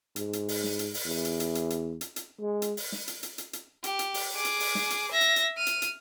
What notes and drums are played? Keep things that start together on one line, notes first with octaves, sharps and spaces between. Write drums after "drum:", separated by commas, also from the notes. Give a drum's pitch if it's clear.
G#2, drum: hi-hat
drum: hi-hat
drum: open hi-hat
drum: snare
drum: hi-hat
drum: open hi-hat
E2
drum: hi-hat
drum: hi-hat
drum: hi-hat
drum: hi-hat
drum: hi-hat
drum: hi-hat
G#3
drum: hi-hat
drum: open hi-hat
drum: snare
drum: hi-hat
drum: hi-hat
drum: hi-hat
drum: hi-hat
G4, drum: hi-hat
drum: hi-hat
drum: open hi-hat
G#4 D6
drum: hi-hat
drum: open hi-hat
drum: snare
drum: hi-hat
E5 A#6
drum: hi-hat
drum: hi-hat
F6 D#7
drum: hi-hat
drum: hi-hat